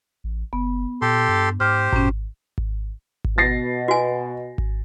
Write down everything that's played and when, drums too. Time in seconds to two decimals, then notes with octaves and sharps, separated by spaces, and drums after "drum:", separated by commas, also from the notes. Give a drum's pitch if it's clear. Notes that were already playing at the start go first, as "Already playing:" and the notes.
0.24 A1
0.53 F#1 B3
1.02 A#2 G4 A4 C6
1.29 G2
1.60 G#2 G4 C5 D6 F6
1.93 F#2 A#2 C#4, drum: kick G#1
2.58 drum: kick G#1
3.24 drum: kick G#1
3.38 B2 A6 A#6 C7
3.88 F#4 G#5
4.58 drum: kick G#1